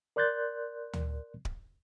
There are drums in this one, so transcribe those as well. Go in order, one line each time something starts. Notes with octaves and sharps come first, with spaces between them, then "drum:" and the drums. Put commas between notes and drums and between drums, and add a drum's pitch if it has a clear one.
A#4 D5 C6 F#6 G6 A6
drum: tom D2
drum: kick D1